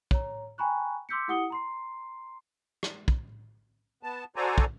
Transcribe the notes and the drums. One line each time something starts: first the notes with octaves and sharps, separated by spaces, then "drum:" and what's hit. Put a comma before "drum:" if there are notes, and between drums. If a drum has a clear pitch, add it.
C#5 A#5, drum: kick
G5 G#5 A#5 B5 C#6 F#6
C6 D6 E6 G6 B6 C#7
E4 G4 F#5 D#6 C#7 G7
A#5 C6 C7
drum: rim click
drum: kick
B3 A5
F#4 A4 C5 D5 G#5 A#5
drum: kick